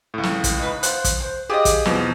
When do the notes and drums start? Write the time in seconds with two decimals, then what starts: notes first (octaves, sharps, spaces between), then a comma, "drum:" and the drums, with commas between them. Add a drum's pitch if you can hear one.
0.14 C#2 A2
0.23 drum: snare
0.44 drum: kick, hi-hat
0.59 D#4 B4
0.83 F4 F#4 C5 F#6, drum: hi-hat
1.04 drum: kick, hi-hat
1.20 C5
1.49 F4 G4 G#4 D#5 D6
1.65 drum: kick, hi-hat
1.85 E2 B2 F3, drum: snare